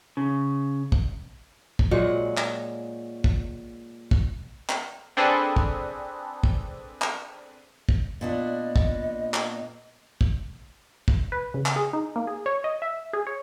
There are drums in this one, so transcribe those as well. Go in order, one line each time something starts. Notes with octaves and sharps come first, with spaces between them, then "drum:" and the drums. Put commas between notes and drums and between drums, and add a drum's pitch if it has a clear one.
C#3
drum: kick
drum: kick
A#2 F#3 G#3 F#5
drum: clap
drum: kick
drum: kick
drum: clap
C4 D4 G#4 A4 B4
drum: kick
drum: kick
drum: clap
drum: kick
A#2 B3 D4 D#5
drum: kick
drum: clap
drum: kick
drum: kick
B4
C#3
drum: clap
G#4
D#4
A#3
G#4
C#5
D#5
E5
G#4
C#5